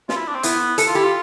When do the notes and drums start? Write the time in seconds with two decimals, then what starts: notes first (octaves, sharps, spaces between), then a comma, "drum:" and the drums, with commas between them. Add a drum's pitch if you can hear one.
0.09 F4, drum: snare
0.17 E4
0.27 D4
0.35 C4
0.43 B3 E4, drum: hi-hat
0.78 A4, drum: hi-hat
0.87 F4
0.95 E4 G4
1.04 F4